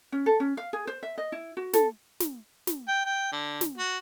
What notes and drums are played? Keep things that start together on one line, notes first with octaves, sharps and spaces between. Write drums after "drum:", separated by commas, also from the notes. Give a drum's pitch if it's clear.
C#4
A4
C#4
F5
G#4
C5
E5
D#5
E4
F#4
A4, drum: snare
drum: snare
drum: snare
G5
G5
D3
drum: snare
F#4